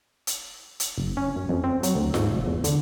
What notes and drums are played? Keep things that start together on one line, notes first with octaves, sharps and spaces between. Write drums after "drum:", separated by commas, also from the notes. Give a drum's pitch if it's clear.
drum: hi-hat
drum: hi-hat
F#1
C#4
F#2
F2
C4
F#3, drum: hi-hat
D2
G#2, drum: snare F4
F1
E2
D3, drum: hi-hat